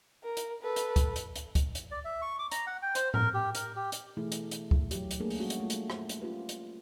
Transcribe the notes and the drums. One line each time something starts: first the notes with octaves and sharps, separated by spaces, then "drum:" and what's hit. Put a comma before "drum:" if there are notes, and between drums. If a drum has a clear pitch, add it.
A#4
drum: hi-hat
A4 B4
drum: hi-hat
drum: kick, hi-hat
drum: hi-hat
drum: hi-hat
drum: kick, hi-hat
drum: hi-hat
D5
E5
C#6
D6
A#5, drum: hi-hat
F#5
G5
C5, drum: hi-hat
A#4, drum: tom A2
G4
A#4, drum: hi-hat
G4
drum: hi-hat
B2 E3 A3 E4 G#4
drum: hi-hat
drum: hi-hat
drum: kick
F#3 G4, drum: hi-hat
drum: hi-hat
A3 A#3 D4 G#4 A#4
drum: open hi-hat
G3 C#4 F#4
drum: hi-hat
A3 F4
drum: hi-hat
drum: rim click
drum: hi-hat
C#4 F4 G4 B4
drum: hi-hat